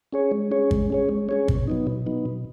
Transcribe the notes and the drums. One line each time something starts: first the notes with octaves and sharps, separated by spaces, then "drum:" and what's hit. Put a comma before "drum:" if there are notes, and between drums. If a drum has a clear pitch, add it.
C#4 G#4 C#5
G#3
C#4 G#4 C#5
G#3, drum: kick
C#4 G#4 C#5
G#3
C#4 G#4 C#5
B2, drum: kick
F#3 B3 D#4
B2
F#3 B3 D#4
B2